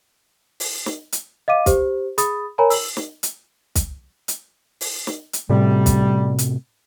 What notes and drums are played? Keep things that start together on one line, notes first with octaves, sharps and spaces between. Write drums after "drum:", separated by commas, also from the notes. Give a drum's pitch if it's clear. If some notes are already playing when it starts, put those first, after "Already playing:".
drum: open hi-hat
drum: snare
drum: hi-hat
D#5 F5 D6 D#7
G4 C5, drum: kick, hi-hat
G#4 B5 D#6 A6, drum: hi-hat
A#4 C#5 G5 G#5 A#5 B5
E6 F#7, drum: open hi-hat
drum: snare
drum: hi-hat
drum: kick, hi-hat
drum: hi-hat
drum: open hi-hat
drum: snare
drum: hi-hat
A2 C3 G3
drum: kick, hi-hat
drum: hi-hat